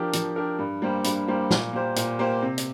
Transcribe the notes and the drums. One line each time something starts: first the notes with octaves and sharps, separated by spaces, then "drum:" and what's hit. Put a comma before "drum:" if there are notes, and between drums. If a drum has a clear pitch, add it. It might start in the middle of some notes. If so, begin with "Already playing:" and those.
Already playing: F3 D4 G4 A#4
F3, drum: hi-hat
D4 G4 A#4
G2
G3 A#3 G4 C5
G2, drum: hi-hat
G3 A#3 G4 C5
A#2, drum: snare
A#3 G4 C5
A#2, drum: hi-hat
A#3 G4 C5
C3
drum: hi-hat